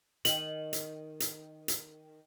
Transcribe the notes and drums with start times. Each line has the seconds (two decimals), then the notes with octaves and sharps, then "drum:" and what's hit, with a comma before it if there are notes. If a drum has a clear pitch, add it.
0.25 D#3 F#7, drum: hi-hat
0.73 drum: hi-hat
1.20 drum: hi-hat
1.68 drum: hi-hat